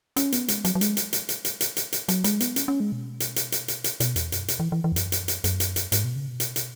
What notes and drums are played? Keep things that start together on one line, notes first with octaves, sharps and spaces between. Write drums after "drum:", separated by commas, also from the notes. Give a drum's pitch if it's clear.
C#4, drum: hi-hat
B3, drum: hi-hat
G#3, drum: hi-hat
F#3, drum: hi-hat
F#3
G#3, drum: hi-hat
drum: hi-hat
drum: hi-hat
drum: hi-hat
drum: hi-hat
drum: hi-hat
drum: hi-hat
drum: hi-hat
F#3, drum: hi-hat
G#3, drum: hi-hat
B3, drum: hi-hat
C#4, drum: hi-hat
C#4
G#3
B2
drum: hi-hat
drum: hi-hat
drum: hi-hat
drum: hi-hat
drum: hi-hat
B2, drum: hi-hat
E2, drum: hi-hat
F#2, drum: hi-hat
B2, drum: hi-hat
E3
E3
E3
E2
F#2, drum: hi-hat
drum: hi-hat
drum: hi-hat
F#2, drum: hi-hat
drum: hi-hat
drum: hi-hat
G#2, drum: hi-hat
B2
C#3
B2
drum: hi-hat
drum: hi-hat